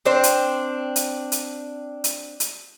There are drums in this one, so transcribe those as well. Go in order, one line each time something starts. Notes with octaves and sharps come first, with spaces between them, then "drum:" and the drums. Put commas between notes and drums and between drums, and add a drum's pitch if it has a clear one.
C4 D4 C5
drum: hi-hat
drum: hi-hat
drum: hi-hat
drum: hi-hat
drum: hi-hat